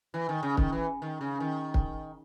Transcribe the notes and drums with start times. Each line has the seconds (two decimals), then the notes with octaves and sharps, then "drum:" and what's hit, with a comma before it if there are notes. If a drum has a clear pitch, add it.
0.14 E3
0.29 D#3
0.43 C#3
0.57 D#3, drum: kick
0.72 E3
1.02 D#3
1.21 C#3
1.40 D#3
1.74 drum: kick